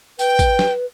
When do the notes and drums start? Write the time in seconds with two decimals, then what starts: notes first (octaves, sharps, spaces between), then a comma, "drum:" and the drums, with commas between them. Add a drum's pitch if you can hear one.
0.19 B4 G5, drum: tambourine
0.39 drum: kick, tambourine
0.59 drum: snare